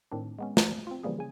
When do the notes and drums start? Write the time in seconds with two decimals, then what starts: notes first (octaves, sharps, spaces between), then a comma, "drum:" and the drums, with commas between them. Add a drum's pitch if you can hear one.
0.12 A2 D#3 C4 D4
0.39 G#3 B3 C#4
0.57 C5, drum: snare
0.87 C4 F4
1.03 C#3 E3 F3 G3 A#3 G#4
1.19 C#3 G#5